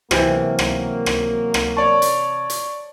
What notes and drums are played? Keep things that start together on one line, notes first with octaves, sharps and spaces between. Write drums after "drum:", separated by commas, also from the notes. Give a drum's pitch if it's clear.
C3 E3 F#3 A#3, drum: rim click
drum: rim click
drum: rim click
drum: rim click
C#5 D5 A5 C#6
drum: hi-hat
drum: hi-hat